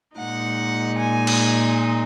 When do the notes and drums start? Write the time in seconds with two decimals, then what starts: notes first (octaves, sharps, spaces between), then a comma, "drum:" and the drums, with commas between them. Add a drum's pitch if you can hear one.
0.16 A#2 G#3 D#4 F#5
0.99 G#5
1.27 drum: cymbal